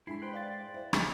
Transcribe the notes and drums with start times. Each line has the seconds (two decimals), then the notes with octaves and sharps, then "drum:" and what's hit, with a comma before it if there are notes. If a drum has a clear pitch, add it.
0.07 A2 G#3 D4 E4 B5 C7
0.22 B4 C5 G5 C6
0.33 D5 F5 A6
0.74 E4
0.93 G#3 D#4 G#4 D#5, drum: rim click